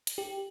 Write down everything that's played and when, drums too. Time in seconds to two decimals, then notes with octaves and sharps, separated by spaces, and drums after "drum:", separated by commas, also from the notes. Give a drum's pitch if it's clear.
0.07 drum: hi-hat
0.18 G4